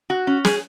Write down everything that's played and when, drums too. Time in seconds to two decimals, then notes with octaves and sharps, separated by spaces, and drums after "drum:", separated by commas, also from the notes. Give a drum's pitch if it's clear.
0.10 F#4
0.27 C#4
0.45 G#4, drum: snare